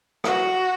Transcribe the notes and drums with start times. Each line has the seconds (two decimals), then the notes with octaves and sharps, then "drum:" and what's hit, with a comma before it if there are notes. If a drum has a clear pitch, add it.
0.24 F#4, drum: rim click